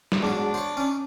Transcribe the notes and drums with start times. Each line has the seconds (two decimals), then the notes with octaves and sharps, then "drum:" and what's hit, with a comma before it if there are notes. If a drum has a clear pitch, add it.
0.12 drum: snare
0.23 E2 G#2 F#3 D4
0.54 C5 C#5
0.77 C#4 D#4